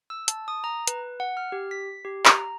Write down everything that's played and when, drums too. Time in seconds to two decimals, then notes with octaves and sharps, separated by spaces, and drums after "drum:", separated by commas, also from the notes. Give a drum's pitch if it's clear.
0.10 E6
0.28 A5, drum: hi-hat
0.48 D#6
0.64 A#5
0.87 B4, drum: hi-hat
1.20 F#5
1.37 F6
1.52 G4
1.71 B6
2.05 G4
2.25 A#5, drum: clap